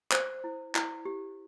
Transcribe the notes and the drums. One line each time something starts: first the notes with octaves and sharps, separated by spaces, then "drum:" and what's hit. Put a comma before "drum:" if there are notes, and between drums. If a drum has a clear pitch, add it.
C5, drum: clap
E4
E4, drum: clap
G4